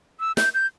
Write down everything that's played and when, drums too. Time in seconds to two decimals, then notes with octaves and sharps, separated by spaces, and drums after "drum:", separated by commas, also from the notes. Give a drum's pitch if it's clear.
0.20 E6
0.37 G6, drum: snare
0.54 G6